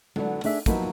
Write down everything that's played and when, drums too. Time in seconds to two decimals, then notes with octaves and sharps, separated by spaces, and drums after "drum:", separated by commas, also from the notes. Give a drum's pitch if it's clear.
0.16 D3 F#3 B3 D4, drum: tom G#3
0.44 A3 D4 G#4 E5, drum: open hi-hat
0.66 F3 F#3 A#3 B3 D#4 E4, drum: kick, hi-hat